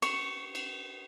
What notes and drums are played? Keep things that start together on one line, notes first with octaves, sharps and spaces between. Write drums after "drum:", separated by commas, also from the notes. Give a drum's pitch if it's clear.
C#6, drum: cymbal
drum: cymbal